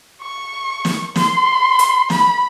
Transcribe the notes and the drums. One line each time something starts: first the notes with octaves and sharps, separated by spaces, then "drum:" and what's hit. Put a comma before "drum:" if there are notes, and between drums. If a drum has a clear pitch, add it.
C#6
drum: snare
C6, drum: snare
drum: hi-hat
B5, drum: snare